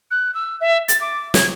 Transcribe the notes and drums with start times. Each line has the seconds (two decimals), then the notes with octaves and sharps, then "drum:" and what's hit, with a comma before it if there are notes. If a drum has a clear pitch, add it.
0.11 F#6
0.34 E6
0.61 E5
0.88 A6, drum: hi-hat
1.01 D6
1.34 G#6, drum: snare